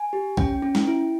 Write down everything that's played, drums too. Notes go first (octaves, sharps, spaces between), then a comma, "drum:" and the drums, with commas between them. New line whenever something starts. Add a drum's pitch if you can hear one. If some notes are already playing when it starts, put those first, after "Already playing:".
Already playing: G#5
G4
C#4 G5, drum: kick
C#4
drum: snare
E4